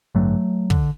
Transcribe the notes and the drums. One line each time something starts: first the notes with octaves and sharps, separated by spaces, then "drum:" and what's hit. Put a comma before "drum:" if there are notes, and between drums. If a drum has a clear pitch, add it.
A1 G2 D3 F#3 A3
D3, drum: kick